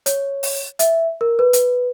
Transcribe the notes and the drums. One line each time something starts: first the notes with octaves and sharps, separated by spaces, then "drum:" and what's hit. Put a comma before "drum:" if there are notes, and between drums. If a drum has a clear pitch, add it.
C#5, drum: hi-hat
drum: open hi-hat
E5, drum: hi-hat
A#4
B4
drum: hi-hat